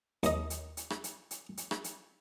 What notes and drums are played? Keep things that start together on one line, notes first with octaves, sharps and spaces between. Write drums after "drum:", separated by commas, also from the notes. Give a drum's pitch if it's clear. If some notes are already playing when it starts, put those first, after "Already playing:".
D#2 D#5, drum: hi-hat
drum: hi-hat
drum: hi-hat
drum: rim click
drum: hi-hat
drum: hi-hat
drum: hi-hat
drum: rim click
drum: hi-hat